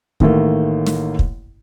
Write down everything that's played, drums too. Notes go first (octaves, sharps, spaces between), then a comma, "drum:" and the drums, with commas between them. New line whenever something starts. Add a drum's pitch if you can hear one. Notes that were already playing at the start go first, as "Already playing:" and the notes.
A1 D#3 A3 A#3, drum: kick
drum: snare
drum: kick